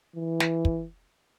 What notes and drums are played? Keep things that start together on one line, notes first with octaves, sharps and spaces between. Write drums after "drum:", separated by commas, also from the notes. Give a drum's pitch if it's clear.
E3
drum: snare
drum: kick